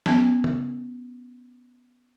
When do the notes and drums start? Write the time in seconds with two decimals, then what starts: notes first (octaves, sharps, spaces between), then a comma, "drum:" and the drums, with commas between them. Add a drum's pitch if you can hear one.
0.06 B3 C#4 A5, drum: snare
0.44 drum: tom C#3